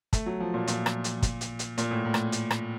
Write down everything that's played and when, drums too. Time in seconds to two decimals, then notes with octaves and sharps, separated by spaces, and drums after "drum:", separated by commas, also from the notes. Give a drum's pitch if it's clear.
0.13 A3, drum: kick, hi-hat
0.26 F#3
0.40 F3
0.54 A#2
0.67 A#2, drum: hi-hat
0.86 drum: rim click
1.04 drum: hi-hat
1.22 drum: kick, hi-hat
1.41 drum: hi-hat
1.59 drum: hi-hat
1.78 A#2, drum: hi-hat
1.91 A2
2.05 A2
2.14 drum: rim click
2.32 drum: hi-hat
2.51 drum: rim click